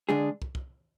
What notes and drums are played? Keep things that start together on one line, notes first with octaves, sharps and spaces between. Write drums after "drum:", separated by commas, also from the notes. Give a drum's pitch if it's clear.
D3 G#3 D4 G#4
drum: kick
drum: kick